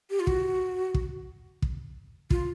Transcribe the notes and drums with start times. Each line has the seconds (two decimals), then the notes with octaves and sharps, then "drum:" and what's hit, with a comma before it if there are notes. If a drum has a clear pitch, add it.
0.10 G4
0.20 F4
0.27 F#4, drum: kick
0.94 drum: kick
1.62 drum: kick
2.30 F4, drum: kick